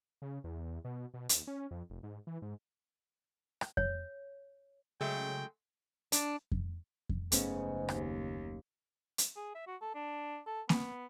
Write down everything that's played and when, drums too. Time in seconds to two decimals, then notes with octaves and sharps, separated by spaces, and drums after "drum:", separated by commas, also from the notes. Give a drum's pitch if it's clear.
0.22 C#3
0.44 E2
0.85 B2
1.14 B2
1.29 D#2, drum: hi-hat
1.47 C#4
1.71 F2
1.90 F1
2.03 G#2
2.27 E3
2.42 G#2
3.61 drum: rim click
3.77 C#5, drum: kick F2
5.01 C#3 F#3 G#3 A3 G5
6.12 D4, drum: hi-hat
6.52 drum: kick F2
7.09 drum: kick F2
7.32 F#1 G#2 C#3 A3 B3 C#4, drum: hi-hat
7.89 D#2, drum: rim click
9.18 drum: hi-hat
9.36 G#4
9.55 E5
9.67 F#4
9.81 A4
9.95 D4
10.47 A4
10.69 B3, drum: snare A#3